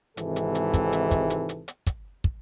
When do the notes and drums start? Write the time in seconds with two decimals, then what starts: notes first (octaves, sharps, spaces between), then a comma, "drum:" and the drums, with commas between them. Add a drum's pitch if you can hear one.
0.17 G#1 G#2 C3 E3 A4, drum: hi-hat
0.36 drum: hi-hat
0.55 drum: hi-hat
0.74 drum: kick, hi-hat
0.92 drum: hi-hat
1.11 drum: kick, hi-hat
1.30 drum: hi-hat
1.49 drum: hi-hat
1.68 drum: hi-hat
1.87 drum: kick, hi-hat
2.24 drum: kick